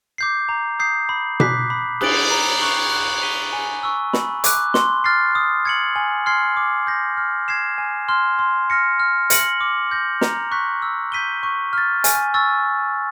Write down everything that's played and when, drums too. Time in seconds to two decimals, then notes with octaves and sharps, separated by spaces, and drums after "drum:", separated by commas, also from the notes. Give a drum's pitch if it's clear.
0.18 D6 G6 C7
0.49 A#5
0.79 D#6 G6 C7
1.09 B5
1.40 D6 F#6 B6, drum: tom B2
1.70 B5
2.01 D#6 F#6 A6 D7, drum: cymbal
2.31 A#5
2.62 C#6 F#6
2.92 F#6
3.22 B6 D#7 G7
3.53 G#5
3.83 C#6 E6
4.13 B5, drum: snare
4.44 D6 F#6, drum: hi-hat
4.74 C6, drum: snare
5.04 F6 A6 C7
5.35 D#6
5.65 G#6 C#7 F#7
5.96 G#5
6.26 C6 F6 G#6 C7
6.57 D6
6.87 G6 A#6
7.17 F6
7.48 G#6 C7 E7
7.78 G#5
8.09 C6 F6
8.39 C6
8.70 F6 A#6 C#7
9.00 F6
9.30 A#6 C#7 F#7, drum: hi-hat
9.61 D6
9.91 G6 A#6
10.21 A#5, drum: snare
10.51 C#6 F#6 B6
10.82 E6
11.12 G6 B6 D#7 G7
11.43 C#6
11.73 F6 A6
12.04 G#5, drum: hi-hat
12.34 C#6 E6 A6